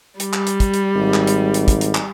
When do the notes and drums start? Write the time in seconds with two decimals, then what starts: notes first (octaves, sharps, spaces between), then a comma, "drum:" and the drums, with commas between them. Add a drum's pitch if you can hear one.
0.20 G3, drum: hi-hat
0.33 drum: clap
0.47 drum: hi-hat
0.60 drum: kick, hi-hat
0.74 drum: hi-hat
0.96 G#1
1.14 drum: clap
1.27 drum: hi-hat
1.54 drum: hi-hat
1.68 drum: kick, hi-hat
1.81 drum: hi-hat
1.95 drum: clap